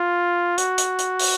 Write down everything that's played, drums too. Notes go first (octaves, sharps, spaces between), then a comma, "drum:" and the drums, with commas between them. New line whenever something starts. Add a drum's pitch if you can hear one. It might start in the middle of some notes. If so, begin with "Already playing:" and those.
Already playing: F4
F#4, drum: hi-hat
drum: hi-hat
drum: hi-hat
drum: open hi-hat